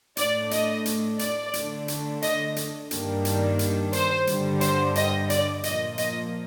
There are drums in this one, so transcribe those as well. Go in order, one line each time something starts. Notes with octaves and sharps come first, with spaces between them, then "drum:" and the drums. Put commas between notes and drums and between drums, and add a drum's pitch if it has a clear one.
A2 A3 D4 D5, drum: hi-hat
D#5, drum: hi-hat
drum: hi-hat
D5, drum: hi-hat
D3 A3 D4, drum: hi-hat
drum: hi-hat
D#5, drum: hi-hat
drum: hi-hat
G2 D#3 G3 A#3 D4, drum: hi-hat
drum: hi-hat
drum: hi-hat
C5, drum: hi-hat
G2 D3 G3, drum: hi-hat
C5, drum: hi-hat
D#5, drum: hi-hat
D5, drum: hi-hat
A#2 F3 A#3 D#5, drum: hi-hat
D#5, drum: hi-hat